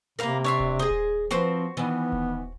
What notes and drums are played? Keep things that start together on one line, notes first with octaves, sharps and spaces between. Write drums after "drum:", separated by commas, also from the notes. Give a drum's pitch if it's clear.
C3 A#3 A#4 B4 F5 A#5
D4 C#5 E5 C6
drum: kick D#1
G#4 C5 D#5
drum: kick D#1
F3 C4 F#4 B4 C5 C6
D#3 E3 B3
drum: kick D#1